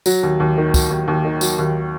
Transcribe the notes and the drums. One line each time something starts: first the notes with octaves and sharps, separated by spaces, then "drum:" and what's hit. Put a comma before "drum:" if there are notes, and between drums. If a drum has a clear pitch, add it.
F#3, drum: tambourine
D#2
D#2
D#3
F#3, drum: kick, tambourine
D#2
D#2
D#3
F#3, drum: tambourine
D#2